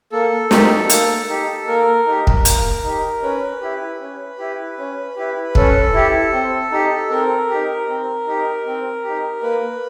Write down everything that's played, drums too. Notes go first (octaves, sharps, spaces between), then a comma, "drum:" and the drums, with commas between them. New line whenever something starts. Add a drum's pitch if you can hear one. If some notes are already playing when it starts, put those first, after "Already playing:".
A#3 A4
D#4 G4, drum: snare
A#3, drum: hi-hat
D#4 G4
A#3 A#4
D#4 G4
drum: kick
A#3, drum: hi-hat
D#4 G4
C#4 B4
E4 G4
C#4
E4 G4
C#4
E4 G4
C#4 A4, drum: kick
E4 G4
C4
D#4 G4
C4 A#4
D#4 G4
C4
D#4 G4
C4
D#4 G4
A#3 B4